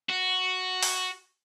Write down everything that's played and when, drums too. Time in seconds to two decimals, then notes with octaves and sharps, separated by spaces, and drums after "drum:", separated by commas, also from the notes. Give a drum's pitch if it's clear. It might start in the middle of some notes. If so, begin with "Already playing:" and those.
0.09 F#4
0.83 drum: open hi-hat